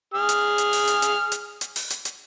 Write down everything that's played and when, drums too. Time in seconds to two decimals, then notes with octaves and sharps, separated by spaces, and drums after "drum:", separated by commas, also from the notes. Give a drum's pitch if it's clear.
0.14 G#4 F6
0.29 drum: hi-hat
0.58 drum: hi-hat
0.73 drum: open hi-hat
0.88 drum: hi-hat
1.02 drum: hi-hat
1.32 drum: hi-hat
1.61 drum: hi-hat
1.76 drum: open hi-hat
1.90 drum: hi-hat
2.05 drum: hi-hat